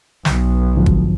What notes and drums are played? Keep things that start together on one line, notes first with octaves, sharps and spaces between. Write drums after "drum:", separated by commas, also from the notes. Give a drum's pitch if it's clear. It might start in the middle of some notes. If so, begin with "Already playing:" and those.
B1, drum: snare
G#2 D3 F3
drum: kick